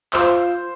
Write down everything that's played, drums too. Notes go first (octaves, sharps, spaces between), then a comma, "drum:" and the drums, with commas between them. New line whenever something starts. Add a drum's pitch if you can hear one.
F4 C5, drum: clap